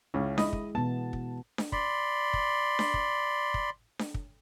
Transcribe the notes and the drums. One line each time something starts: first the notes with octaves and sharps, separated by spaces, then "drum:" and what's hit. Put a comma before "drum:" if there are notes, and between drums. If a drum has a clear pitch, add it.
C#2 C#4 E4
G#3 E4 D#5 B5 D#6, drum: snare D4
drum: kick
B2 E3 B3 A5
drum: kick
drum: snare D4
D5 B5 C6, drum: kick
drum: kick
drum: snare D4
drum: kick
drum: kick
drum: snare D4
drum: kick